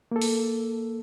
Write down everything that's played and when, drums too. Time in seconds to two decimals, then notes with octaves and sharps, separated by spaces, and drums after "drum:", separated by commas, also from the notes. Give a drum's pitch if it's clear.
0.11 A#3 A4
0.22 drum: open hi-hat